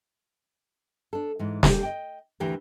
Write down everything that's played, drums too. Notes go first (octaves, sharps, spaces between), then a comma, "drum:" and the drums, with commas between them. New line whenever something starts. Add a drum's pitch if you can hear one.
D4 A4
G#2 E3
A#3 G4 A4, drum: snare
D#5 G5
D2 E3 E4 G4 A#4